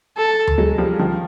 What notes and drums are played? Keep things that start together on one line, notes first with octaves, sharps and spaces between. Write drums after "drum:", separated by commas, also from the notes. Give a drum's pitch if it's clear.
A4
drum: tom D2
F#3 G#3
F3 G3
D#3 F3